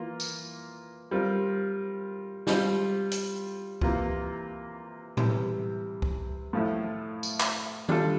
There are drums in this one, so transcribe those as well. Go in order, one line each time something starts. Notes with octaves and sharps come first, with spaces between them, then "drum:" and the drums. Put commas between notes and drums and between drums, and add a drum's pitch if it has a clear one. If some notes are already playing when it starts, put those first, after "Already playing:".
Already playing: E3 A#3 F4 A#4
drum: tambourine
G3 C4 F4 A#4
G3 C4 F4, drum: snare
drum: hi-hat
C3 E3 A#3 F4, drum: kick C2
C3 E3 G3, drum: tom A2
drum: kick C2
A2 F3 A3 E4
drum: tambourine
drum: clap
G3 D4 F4 A4, drum: tom D#3